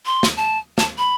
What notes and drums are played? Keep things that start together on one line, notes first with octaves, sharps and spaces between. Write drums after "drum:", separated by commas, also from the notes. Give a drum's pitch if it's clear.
C6
drum: snare
A5
A5, drum: snare
B5